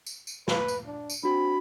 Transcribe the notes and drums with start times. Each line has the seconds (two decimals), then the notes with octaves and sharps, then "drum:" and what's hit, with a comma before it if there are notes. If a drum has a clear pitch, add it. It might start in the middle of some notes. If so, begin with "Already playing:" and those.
0.06 drum: tambourine
0.27 drum: tambourine
0.48 B4, drum: snare
0.68 drum: tambourine
0.86 D4
1.10 drum: tambourine
1.23 C4 D4 F#4 B5